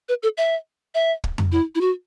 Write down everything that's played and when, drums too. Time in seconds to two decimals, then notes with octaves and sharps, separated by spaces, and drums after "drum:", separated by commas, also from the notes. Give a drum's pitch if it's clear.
0.09 B4
0.23 A4
0.38 E5
0.95 E5
1.24 drum: kick
1.38 drum: tom F2
1.52 E4
1.75 E4
1.81 F#4